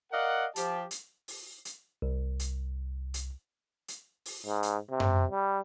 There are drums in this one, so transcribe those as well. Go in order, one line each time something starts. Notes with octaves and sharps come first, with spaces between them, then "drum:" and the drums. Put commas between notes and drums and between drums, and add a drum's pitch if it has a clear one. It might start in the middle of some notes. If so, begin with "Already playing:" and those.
A#4 D5 D#5 F5 F#5
F3 G4 A5, drum: hi-hat
drum: hi-hat
drum: open hi-hat
drum: hi-hat
C2
drum: hi-hat
drum: hi-hat
drum: hi-hat
drum: open hi-hat
G#2
drum: hi-hat
C3
drum: tom F#2
G3